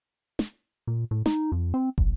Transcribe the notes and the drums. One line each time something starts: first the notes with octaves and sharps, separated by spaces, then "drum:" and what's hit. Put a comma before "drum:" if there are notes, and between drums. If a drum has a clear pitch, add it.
drum: snare
A#2
A2
D#4, drum: snare
F2
C4
A#1, drum: kick